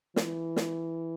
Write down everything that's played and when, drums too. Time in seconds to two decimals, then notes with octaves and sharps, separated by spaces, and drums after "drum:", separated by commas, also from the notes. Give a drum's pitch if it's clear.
0.16 E3, drum: snare
0.56 drum: snare